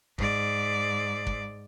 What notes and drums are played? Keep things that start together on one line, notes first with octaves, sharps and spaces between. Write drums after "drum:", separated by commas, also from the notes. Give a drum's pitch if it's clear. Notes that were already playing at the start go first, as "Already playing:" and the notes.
G#2 D5, drum: kick
drum: kick